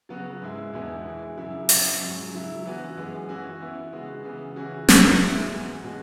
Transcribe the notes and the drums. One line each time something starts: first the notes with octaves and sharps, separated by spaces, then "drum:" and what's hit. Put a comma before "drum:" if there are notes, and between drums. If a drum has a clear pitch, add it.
C#3 F#3 B3 F#4
G#2 G#3 E4
E2 B2 B3 E4
E3 G#3 E4
F#2 C#3 F#3 E4
B2 F#3 E4, drum: open hi-hat
G#2 F#3 C#4
C#3 F#3 E4
E3 B3 F#4
F#2 E3 G#3 B3
E3 C#4 F#4
E3 B3 E4
C#3 G#3 B3 F#4
C#3 E3 B3
C#3 E3 C#4 F#4
B2 F#3 C#4 F#4, drum: snare
G#2 G#3 E4
G#2 E3 B3
B2 G#3 C#4 F#4